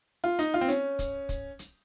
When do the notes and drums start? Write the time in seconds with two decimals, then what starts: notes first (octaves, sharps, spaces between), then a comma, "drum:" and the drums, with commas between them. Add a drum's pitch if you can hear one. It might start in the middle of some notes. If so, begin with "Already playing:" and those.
0.24 F4
0.39 D#4, drum: hi-hat
0.54 F4
0.61 C4
0.69 C#4, drum: hi-hat
0.99 drum: kick, hi-hat
1.29 drum: kick, hi-hat
1.59 drum: hi-hat